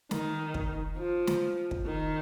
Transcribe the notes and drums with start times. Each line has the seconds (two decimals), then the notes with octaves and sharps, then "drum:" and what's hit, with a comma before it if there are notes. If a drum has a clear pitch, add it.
0.11 D#3, drum: snare
0.54 drum: kick
0.98 F3
1.27 drum: snare
1.71 drum: kick
1.86 D#3